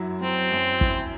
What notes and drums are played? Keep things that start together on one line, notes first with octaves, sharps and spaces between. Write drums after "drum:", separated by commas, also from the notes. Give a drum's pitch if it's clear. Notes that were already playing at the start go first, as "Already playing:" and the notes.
Already playing: F#2 F#3 E4
F#3 C4
F#2
E4, drum: kick